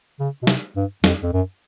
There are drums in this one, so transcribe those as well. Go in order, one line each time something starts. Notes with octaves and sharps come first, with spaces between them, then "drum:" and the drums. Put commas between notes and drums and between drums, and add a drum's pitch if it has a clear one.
C#3
B2
C3, drum: snare
G2
F2, drum: snare
F2
F#2